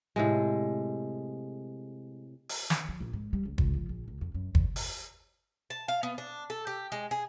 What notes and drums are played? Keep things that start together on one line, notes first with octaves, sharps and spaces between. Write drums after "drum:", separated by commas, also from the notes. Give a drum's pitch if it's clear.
A2 C3 G#3
drum: open hi-hat
drum: snare
F3
A#1
G#2
G3
C#2
C#2, drum: kick G1
F3
A#1
C#2
F2
F#2
E2, drum: kick G1
drum: open hi-hat
A5
F5
B3
D4
A4
G4
G#3
G#4